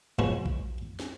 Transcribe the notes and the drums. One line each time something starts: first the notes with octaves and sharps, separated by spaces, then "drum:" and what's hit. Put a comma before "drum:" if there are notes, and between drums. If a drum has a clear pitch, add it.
F3 G#3 E4 F#4 B4 C#5
drum: kick A#1
drum: snare